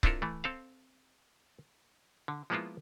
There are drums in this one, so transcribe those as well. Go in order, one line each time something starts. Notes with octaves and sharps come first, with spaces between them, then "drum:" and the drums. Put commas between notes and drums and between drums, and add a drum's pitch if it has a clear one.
C4 D4 E4 F4 A4 A#4, drum: kick C#1
E3 A3
C4 A4 F5
D3
F3 G#3 A#3 B3 E4 F4